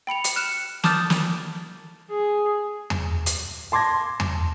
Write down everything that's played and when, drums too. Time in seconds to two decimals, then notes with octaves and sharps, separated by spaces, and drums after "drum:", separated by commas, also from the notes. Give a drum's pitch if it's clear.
0.07 G5 B5 C#7 F7
0.24 drum: hi-hat
0.36 F6 F#6 C#7 E7
0.84 A5 D6 D#6 F6 G6 A6, drum: snare
1.10 drum: snare
2.09 G#4
2.90 drum: tom E2
3.26 drum: hi-hat
3.72 A5 C6 D6 G#6 A#6
4.20 drum: tom E2